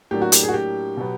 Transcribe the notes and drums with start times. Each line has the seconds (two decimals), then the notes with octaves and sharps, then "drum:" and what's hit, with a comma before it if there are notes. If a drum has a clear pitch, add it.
0.11 A2 F#3 A#3 D4 G4
0.22 F#4
0.32 G4, drum: hi-hat
0.43 G#4
0.49 F#4
0.54 G4
0.97 B2 F#3 B3